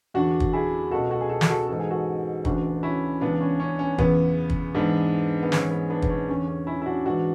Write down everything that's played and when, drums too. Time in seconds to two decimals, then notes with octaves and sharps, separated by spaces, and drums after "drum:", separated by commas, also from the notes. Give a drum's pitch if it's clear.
0.14 E2 D3 D4 F#4
0.40 drum: kick
0.53 E4 G#4
0.91 C#2 B2 F#4 A4
1.11 F#4 A4
1.21 G#4
1.29 F#4 A4
1.41 G#4, drum: snare
1.49 F#4 A4
1.68 G#2 E3 A4
1.80 G#4
1.90 F#4 A4
2.45 D2 C#3 E3 D4 F#4, drum: kick
2.83 C#4 E4
3.21 C#2 C#3 E3 B3 D4
3.40 C#4
3.60 C#4
3.79 C#4
3.98 E2 C#3 E3 B3, drum: kick
4.50 drum: kick
4.75 G#2 E3 B3 D4
5.43 B3
5.52 G#2 E3 C#4, drum: snare
5.71 B3
5.90 B3 D4
6.02 B3, drum: kick
6.10 C#4
6.29 E2 D3 C#4
6.48 C#4
6.67 C#4 E4
6.82 E4
6.86 D4 F#4
7.06 G#2 E3 D4 F#4